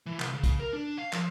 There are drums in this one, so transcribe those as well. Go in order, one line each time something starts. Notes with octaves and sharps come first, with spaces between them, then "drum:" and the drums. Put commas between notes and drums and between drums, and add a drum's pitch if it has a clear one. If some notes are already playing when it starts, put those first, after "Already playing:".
E3
C2, drum: clap
C#3
drum: kick, hi-hat
A#4
D4
F5
F3, drum: clap